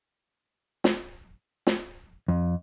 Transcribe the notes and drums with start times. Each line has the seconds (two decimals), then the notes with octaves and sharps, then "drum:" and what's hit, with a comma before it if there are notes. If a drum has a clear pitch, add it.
0.84 drum: snare
1.67 drum: snare
2.28 F2